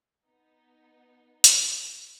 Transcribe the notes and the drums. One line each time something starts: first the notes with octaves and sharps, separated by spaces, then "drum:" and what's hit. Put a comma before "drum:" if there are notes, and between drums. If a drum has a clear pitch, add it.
B3 D#4
drum: hi-hat